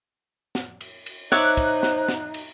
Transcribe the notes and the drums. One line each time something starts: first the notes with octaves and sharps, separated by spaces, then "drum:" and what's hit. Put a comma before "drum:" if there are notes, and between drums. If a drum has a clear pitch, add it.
drum: snare
drum: cymbal
drum: cymbal
D#4 C5 C#5 E5 D6 F#6, drum: snare
drum: kick, cymbal
drum: snare
drum: snare
drum: cymbal